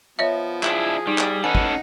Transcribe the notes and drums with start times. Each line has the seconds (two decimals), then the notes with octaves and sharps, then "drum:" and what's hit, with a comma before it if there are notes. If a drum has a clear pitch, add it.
0.19 F3 B3 C#5 D#5 E5
0.63 D4 E4 G#4, drum: clap
1.07 G3 D#4
1.18 drum: clap
1.44 C#4 D#4 A4 B4 F#5 G#5
1.55 drum: kick